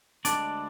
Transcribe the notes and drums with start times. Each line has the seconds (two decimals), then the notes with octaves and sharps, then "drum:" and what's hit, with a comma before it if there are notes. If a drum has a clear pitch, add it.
0.25 D2 D3 G#3 D4 D5, drum: hi-hat